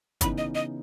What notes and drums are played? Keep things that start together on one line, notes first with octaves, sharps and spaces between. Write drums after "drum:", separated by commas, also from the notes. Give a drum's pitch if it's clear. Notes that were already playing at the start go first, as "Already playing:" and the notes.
C#3 E3 B3 D#4 B5, drum: kick, hi-hat
D#5
D#5